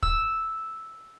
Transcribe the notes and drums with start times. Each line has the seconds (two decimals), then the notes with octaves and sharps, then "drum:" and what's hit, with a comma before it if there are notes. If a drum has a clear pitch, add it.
0.03 E6, drum: kick